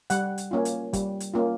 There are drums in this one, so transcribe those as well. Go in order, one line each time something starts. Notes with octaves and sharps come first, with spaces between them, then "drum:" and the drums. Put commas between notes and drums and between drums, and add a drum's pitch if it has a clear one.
G3 F#5, drum: hi-hat
drum: hi-hat
A#3 C#4 F4
drum: hi-hat
G3, drum: kick, hi-hat
drum: hi-hat
A#3 C#4 F4